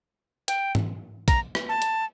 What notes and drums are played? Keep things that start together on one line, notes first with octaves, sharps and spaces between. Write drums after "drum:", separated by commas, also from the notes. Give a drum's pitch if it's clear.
G5, drum: hi-hat
drum: tom G#2
A#5, drum: kick, hi-hat
drum: rim click
A5
drum: hi-hat